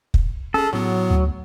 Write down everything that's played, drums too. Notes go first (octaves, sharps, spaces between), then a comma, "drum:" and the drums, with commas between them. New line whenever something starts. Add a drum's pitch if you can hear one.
drum: kick
C#4 G#4 A4
A2 F#3 B3
D2